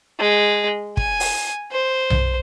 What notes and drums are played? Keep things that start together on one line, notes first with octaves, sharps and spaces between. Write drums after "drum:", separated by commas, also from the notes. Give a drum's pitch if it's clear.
G#3
G#5, drum: kick
drum: open hi-hat
C5
drum: tom B1